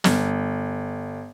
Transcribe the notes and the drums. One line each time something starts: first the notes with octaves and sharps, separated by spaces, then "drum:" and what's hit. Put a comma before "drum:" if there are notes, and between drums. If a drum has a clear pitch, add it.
G1, drum: snare